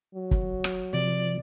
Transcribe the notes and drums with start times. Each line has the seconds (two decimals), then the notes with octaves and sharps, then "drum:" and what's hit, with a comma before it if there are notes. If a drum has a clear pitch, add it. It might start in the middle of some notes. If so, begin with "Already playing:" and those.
0.15 F#3
0.31 drum: kick
0.64 drum: rim click
0.93 C3 F3 D5